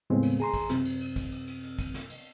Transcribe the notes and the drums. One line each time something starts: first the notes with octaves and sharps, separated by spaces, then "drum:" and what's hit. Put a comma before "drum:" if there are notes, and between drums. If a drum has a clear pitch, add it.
D#2 A2 C#3 G#3 B3 C4
drum: cymbal
G#4 A#5 C6, drum: cymbal
drum: kick, cymbal
F#2 C3 C4, drum: snare
drum: cymbal
drum: cymbal
drum: kick, cymbal
drum: cymbal
drum: cymbal
drum: cymbal
drum: kick, cymbal
drum: snare
drum: cymbal